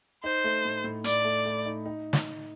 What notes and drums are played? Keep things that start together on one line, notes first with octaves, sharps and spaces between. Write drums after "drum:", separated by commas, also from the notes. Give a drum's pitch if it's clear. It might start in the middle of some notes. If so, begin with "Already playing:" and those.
D#4 C5
A3
A2
A2
A2 D5, drum: hi-hat
A3
A3
D#4
D#4
drum: snare